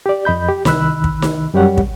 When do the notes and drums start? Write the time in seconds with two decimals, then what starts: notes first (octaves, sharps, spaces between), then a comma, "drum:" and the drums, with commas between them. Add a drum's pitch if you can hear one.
0.06 G4 D5
0.25 F2 D#5 B5 G6
0.49 G4
0.65 C2 D#3 B5 E6 F#6, drum: snare D#4
1.04 drum: kick
1.22 drum: snare D#4
1.54 F#2 G3 G4 C#5 F#5
1.78 drum: kick